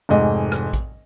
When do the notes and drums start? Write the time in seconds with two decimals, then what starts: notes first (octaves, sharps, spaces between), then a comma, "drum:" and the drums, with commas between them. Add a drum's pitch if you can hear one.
0.09 F1 G#2 D#5
0.52 drum: rim click
0.73 drum: kick A1, hi-hat